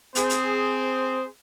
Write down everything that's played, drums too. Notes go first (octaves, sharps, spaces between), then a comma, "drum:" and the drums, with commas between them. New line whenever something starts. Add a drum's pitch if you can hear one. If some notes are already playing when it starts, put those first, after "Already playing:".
C4 G#4 C5, drum: hi-hat
drum: hi-hat